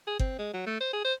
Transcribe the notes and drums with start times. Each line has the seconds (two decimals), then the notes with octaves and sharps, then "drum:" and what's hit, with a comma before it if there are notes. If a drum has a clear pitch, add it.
0.07 G#4
0.19 C4, drum: kick G1
0.39 G#3
0.53 F#3
0.66 A3
0.80 C5
0.93 G#4
1.05 C5